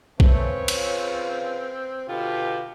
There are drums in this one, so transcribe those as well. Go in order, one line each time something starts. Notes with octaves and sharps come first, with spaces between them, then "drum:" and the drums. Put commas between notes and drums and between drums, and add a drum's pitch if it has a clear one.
C#3 A3 C4 B4 C#5, drum: kick B1
F4, drum: cymbal
B2 D3 F4 G4